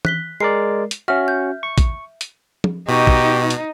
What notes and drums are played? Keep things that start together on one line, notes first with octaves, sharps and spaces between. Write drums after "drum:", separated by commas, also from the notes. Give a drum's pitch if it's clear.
F#6 B6 G7, drum: tom E3
G#3 A#4 D5 C7
drum: hi-hat
C#4 F#4 E5 F6
G6
C#6
drum: kick, hi-hat
drum: hi-hat
drum: tom
B2 D#4 G4 C#6
drum: kick
drum: hi-hat